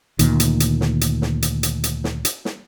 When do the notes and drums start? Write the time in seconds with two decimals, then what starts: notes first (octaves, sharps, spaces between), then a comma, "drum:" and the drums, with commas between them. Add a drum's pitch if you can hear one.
0.19 D2 A#2 D#3, drum: hi-hat
0.40 drum: hi-hat
0.60 drum: hi-hat
0.81 drum: snare
1.01 drum: hi-hat
1.22 drum: snare
1.42 drum: hi-hat
1.63 drum: hi-hat
1.84 drum: hi-hat
2.04 drum: snare
2.25 drum: hi-hat
2.45 drum: snare